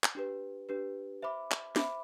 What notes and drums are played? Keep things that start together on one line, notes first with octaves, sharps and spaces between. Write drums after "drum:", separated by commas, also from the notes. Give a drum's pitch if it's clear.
drum: clap
D4 G4 B4
D4 G4 B4
C5 E5 B5 D6
drum: clap
C5 E5 B5 D6, drum: snare